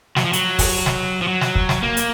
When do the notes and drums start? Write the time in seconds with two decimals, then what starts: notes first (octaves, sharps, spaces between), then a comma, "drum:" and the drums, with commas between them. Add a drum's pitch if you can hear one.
0.17 F#3, drum: snare
0.24 F3
0.33 F#3, drum: hi-hat
0.59 drum: kick, open hi-hat
0.86 drum: snare
1.22 F3
1.28 F#3
1.41 drum: snare
1.55 drum: kick
1.69 drum: snare
1.82 A#3
1.97 drum: hi-hat